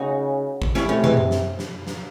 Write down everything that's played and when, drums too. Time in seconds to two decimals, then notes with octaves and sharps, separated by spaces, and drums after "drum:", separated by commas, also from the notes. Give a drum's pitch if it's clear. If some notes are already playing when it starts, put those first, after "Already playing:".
Already playing: C#3 D#4 F#4
0.62 drum: kick
0.75 C3 C#4 E4, drum: snare
0.89 A3 C#4
1.04 E3 G#3, drum: tom
1.17 drum: tom F#2
1.31 drum: snare
1.59 drum: snare
1.87 drum: snare